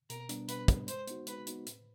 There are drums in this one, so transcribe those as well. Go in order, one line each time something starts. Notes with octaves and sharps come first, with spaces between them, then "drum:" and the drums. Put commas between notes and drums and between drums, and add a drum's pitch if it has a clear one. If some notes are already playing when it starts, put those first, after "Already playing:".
B2 A#4, drum: hi-hat
G3 B3 D4, drum: hi-hat
B2 B4, drum: hi-hat
G3 B3 D4, drum: kick, hi-hat
G#3 C5, drum: hi-hat
B3 D#4 F#4, drum: hi-hat
G#3 B4, drum: hi-hat
B3 D#4 F#4, drum: hi-hat
A2, drum: hi-hat